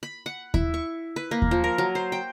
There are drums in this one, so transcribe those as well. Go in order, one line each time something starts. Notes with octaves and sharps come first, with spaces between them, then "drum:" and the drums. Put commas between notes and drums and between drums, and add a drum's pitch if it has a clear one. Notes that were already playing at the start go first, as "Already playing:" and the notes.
B5
F#5
E4, drum: kick D#2
C#6
B4
A#3
drum: kick D#2
F3
A#4
F#3
C5
G5